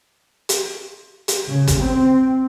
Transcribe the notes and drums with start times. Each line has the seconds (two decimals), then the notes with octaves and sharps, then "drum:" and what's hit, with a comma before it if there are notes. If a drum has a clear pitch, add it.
0.49 drum: hi-hat
1.28 drum: hi-hat
1.48 C#3
1.67 drum: kick, hi-hat
1.79 C4